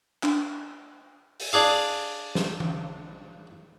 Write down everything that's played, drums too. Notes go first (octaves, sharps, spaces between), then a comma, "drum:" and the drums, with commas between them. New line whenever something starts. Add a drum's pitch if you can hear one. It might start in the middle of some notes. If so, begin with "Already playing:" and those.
D4, drum: clap
drum: open hi-hat
D4 G#4 F5
drum: snare
drum: tom E3